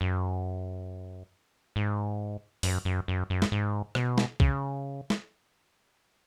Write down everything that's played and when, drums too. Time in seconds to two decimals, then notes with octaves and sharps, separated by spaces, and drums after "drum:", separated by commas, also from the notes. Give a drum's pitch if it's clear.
0.01 F#2
1.76 G#2
2.63 F#2, drum: open hi-hat
2.85 F#2
3.08 F#2
3.30 F#2
3.42 drum: snare
3.52 G#2
3.95 B2, drum: rim click
4.18 drum: snare
4.40 C#3, drum: kick B1
5.10 drum: snare